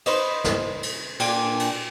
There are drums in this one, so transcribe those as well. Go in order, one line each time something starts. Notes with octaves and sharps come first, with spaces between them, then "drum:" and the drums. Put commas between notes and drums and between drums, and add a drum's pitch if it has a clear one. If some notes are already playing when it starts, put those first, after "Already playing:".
D#4 B4 C5, drum: cymbal
drum: snare
drum: cymbal
A#2 D4 G5 G#5, drum: cymbal
drum: cymbal